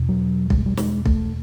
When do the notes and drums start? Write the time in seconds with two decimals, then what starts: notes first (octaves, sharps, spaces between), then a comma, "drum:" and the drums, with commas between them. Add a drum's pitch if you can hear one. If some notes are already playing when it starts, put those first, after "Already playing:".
Already playing: E2 B2
0.09 F#3
0.50 G3, drum: kick B1
0.58 G#3
0.66 G3
0.77 G#3, drum: snare
1.05 A3, drum: kick B1